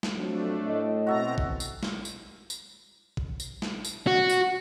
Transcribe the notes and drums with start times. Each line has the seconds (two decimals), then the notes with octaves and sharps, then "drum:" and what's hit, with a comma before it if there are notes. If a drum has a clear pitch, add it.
0.03 drum: snare
0.17 F2 F#3 A3 D4
0.66 A2 D#5
1.07 B2 C4 F#4 E5 A5 A#5
1.38 drum: kick
1.60 drum: tambourine
1.83 drum: snare
2.05 drum: tambourine
2.50 drum: tambourine
3.17 drum: kick
3.40 drum: tambourine
3.62 drum: snare
3.85 drum: tambourine
4.07 F#4
4.29 drum: tambourine